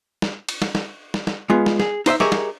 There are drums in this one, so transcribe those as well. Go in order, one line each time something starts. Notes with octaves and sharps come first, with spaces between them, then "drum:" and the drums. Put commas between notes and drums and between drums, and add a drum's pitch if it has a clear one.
drum: snare
drum: cymbal
drum: snare
drum: snare
drum: snare
drum: snare
G#3 B3 F4
drum: snare
G#4, drum: snare
D#4 C5 D#5 E5, drum: cymbal
G4 G#4 A#4 C#5 D#5 E5, drum: snare
drum: snare